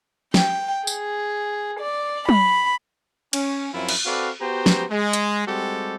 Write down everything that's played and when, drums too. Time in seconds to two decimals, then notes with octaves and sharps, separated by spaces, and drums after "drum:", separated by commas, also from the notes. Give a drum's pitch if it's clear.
0.34 G5, drum: snare
0.87 G#4, drum: tambourine
1.80 D5
2.29 B5, drum: tom
3.33 C#4, drum: cymbal
3.74 F#2 F3 C4 E4 F4
3.89 drum: cymbal
4.06 C4 F#4 A4 B4 D5 F5
4.41 B3 F#4 G4 C5 G5 A#5
4.66 drum: snare
4.91 G#3
5.13 drum: hi-hat
5.47 G3 G#3 C4 F#4 G4 A4